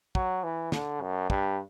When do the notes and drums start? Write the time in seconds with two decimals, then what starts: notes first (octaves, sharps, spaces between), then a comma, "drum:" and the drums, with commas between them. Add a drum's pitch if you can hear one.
0.15 F#3, drum: kick
0.44 E3
0.72 D3, drum: snare
1.01 F#2
1.30 G2, drum: kick